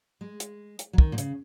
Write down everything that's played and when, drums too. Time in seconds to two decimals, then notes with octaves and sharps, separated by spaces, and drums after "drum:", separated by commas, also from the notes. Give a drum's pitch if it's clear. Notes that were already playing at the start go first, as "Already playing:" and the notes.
0.21 G#3
0.40 drum: hi-hat
0.79 drum: hi-hat
0.93 F#3
0.98 D#3, drum: kick
1.12 A#2
1.18 C#3, drum: hi-hat